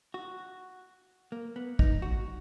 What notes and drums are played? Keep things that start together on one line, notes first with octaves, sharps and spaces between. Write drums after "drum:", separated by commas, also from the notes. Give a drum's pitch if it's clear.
F#4
A#3
B3
D#4, drum: kick
F#4